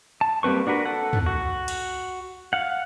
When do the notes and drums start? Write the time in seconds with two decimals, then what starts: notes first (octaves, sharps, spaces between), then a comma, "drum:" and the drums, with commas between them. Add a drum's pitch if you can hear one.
0.21 A5
0.43 G3 A#3 C4 B4 C#6
0.67 D4 F#4 A#4 B4
0.85 A4 F#5
1.13 drum: tom
1.26 F#4
1.68 drum: cymbal
2.53 F5 F#5